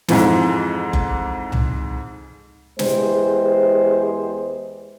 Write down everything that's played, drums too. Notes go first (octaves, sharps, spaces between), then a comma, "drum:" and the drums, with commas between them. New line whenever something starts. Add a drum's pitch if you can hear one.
F2 G#2 E3 F3, drum: snare
drum: kick F#1
drum: tom C2
E2 G#3 G4 C5, drum: snare